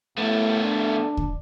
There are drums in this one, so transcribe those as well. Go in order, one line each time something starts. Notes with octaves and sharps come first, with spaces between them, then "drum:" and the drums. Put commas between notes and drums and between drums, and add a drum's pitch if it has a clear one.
A2 A3 B3
D4
drum: kick C#2